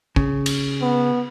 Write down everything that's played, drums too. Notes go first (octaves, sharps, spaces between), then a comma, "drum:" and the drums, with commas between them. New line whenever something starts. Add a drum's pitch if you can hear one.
C#3, drum: kick
drum: cymbal
B3